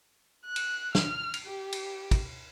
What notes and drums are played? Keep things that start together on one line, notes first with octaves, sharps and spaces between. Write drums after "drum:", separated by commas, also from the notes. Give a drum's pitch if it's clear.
F#6
drum: cymbal
F6, drum: snare
drum: cymbal
G4
drum: cymbal
drum: kick, cymbal